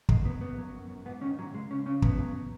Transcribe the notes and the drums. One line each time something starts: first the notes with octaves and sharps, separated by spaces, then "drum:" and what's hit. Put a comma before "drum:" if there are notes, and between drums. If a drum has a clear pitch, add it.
F#2 G#3, drum: kick
F#3 B3
F#2 B3
F#3
F#2
F#2
G#2 B3
D#3 C#4
G#2 F#3
C#2 G#3
C#2 C#4
C#3 C#4
F#3 B3, drum: kick
F#3